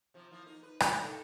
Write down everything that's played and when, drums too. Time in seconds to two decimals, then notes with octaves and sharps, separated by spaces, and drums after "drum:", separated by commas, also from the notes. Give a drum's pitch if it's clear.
0.14 C3 F3
0.31 F3 A#3 E4
0.46 A#3 D#4
0.63 B4
0.80 G2 D#3 G3, drum: rim click
1.02 D#4 A4 A#4